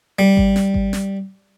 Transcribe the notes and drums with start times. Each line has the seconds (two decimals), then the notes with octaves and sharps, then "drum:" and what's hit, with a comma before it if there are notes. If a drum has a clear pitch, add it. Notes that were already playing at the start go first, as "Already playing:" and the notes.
0.19 G3
0.37 drum: kick G#1
0.56 drum: snare
0.74 drum: kick G#1
0.93 drum: snare